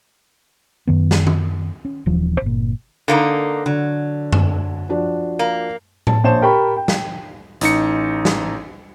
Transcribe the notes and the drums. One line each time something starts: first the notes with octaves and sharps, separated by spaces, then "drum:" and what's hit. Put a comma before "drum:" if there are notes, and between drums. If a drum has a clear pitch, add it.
F#2 D#3 B3
drum: snare
drum: tom D#3
C#4
D#1 E3 F3
G1 A#2
D3 A#3 D#4
D3 F#3
drum: tom F#2
F3 D4 F#4
A#3
A5, drum: tom A2
A#1 C5 C#5 A5 E7
G4 A#4 G5 A5 B5 C#6
G5
drum: snare
A1 D#4 C#7, drum: hi-hat
drum: snare